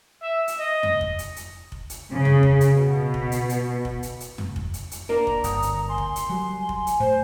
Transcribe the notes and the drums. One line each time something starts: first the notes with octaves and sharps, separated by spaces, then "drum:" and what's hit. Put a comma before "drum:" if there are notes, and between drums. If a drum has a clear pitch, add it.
E5
drum: hi-hat
D#5
drum: tom
drum: kick F1
drum: hi-hat
drum: hi-hat
drum: kick F1
drum: hi-hat
C#3
drum: tom
drum: kick F1
drum: hi-hat
B2
drum: kick F1
drum: hi-hat
drum: hi-hat
drum: kick F1
drum: hi-hat
drum: hi-hat
drum: tom
drum: kick F1
drum: hi-hat
drum: hi-hat
A#3 D4 A#4 A#5
drum: kick F1
G1 D#6, drum: hi-hat
drum: hi-hat
G#5 C6
drum: kick F1
drum: hi-hat
F#3 G3 G#5
drum: kick F1
drum: hi-hat
A2 C5